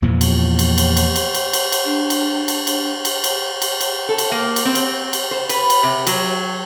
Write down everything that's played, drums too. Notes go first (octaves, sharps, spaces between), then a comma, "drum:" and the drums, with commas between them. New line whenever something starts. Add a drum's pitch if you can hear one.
E2 A#2 E3 F3
drum: cymbal
drum: cymbal
drum: cymbal
drum: cymbal
drum: cymbal
drum: cymbal
drum: cymbal
drum: cymbal
D4
drum: cymbal
drum: cymbal
drum: cymbal
drum: cymbal
drum: cymbal
drum: cymbal
drum: cymbal
A4
drum: cymbal
A#3
drum: cymbal
C4
drum: cymbal
drum: cymbal
C5
B4, drum: cymbal
drum: cymbal
C3
F#3, drum: cymbal